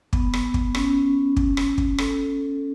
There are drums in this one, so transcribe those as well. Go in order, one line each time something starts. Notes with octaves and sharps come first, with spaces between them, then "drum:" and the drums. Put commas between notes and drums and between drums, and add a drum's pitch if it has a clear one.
B3, drum: kick
drum: rim click
drum: kick
C#4, drum: rim click
drum: kick
drum: rim click
drum: kick
A4, drum: rim click